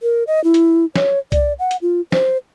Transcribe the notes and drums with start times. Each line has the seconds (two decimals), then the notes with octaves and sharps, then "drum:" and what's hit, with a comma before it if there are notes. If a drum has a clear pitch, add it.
0.02 A#4
0.27 D#5
0.44 E4
0.54 drum: hi-hat
0.96 C#5, drum: snare
1.32 D5, drum: kick C2, hi-hat
1.59 F#5
1.71 drum: hi-hat
1.82 F4
2.12 C5, drum: snare